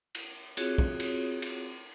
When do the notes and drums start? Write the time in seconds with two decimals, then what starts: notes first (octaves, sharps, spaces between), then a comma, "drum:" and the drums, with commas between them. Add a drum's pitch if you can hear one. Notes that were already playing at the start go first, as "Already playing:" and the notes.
0.15 drum: cymbal
0.57 C4 F4 F#4 G#4 C#5, drum: cymbal
0.78 drum: kick
1.00 drum: cymbal
1.42 drum: cymbal